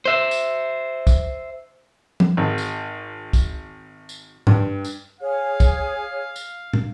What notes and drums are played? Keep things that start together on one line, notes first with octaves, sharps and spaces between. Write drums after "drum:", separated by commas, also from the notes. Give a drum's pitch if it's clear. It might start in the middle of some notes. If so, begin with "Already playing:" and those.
C5 E5
drum: tambourine
drum: kick, tambourine
drum: tom
G#1
drum: tambourine
drum: kick, tambourine
drum: tambourine
G2, drum: tom G#2
drum: tambourine
G#4 C#5 F5
drum: kick, tambourine
drum: tambourine
drum: tom